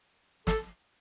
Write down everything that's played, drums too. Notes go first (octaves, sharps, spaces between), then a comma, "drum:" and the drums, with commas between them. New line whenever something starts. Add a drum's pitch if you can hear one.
A4, drum: snare